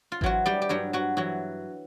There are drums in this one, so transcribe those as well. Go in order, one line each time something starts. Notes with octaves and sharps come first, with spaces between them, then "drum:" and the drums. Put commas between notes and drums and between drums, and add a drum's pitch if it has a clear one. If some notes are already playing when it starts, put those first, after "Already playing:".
F4
E3 F#3 F#4, drum: kick G#1
G3 G4
G4
G2 F#3 F#4
F#3 F#4
E3 F#3 F#4